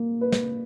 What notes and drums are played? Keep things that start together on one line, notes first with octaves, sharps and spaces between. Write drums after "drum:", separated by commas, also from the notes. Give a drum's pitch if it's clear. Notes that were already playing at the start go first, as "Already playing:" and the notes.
Already playing: A#3
B4
drum: snare